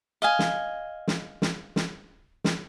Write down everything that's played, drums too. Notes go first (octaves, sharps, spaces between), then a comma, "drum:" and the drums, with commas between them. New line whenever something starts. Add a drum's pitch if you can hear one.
D#5 F5 G#5
drum: snare
drum: snare
drum: snare
drum: snare
drum: snare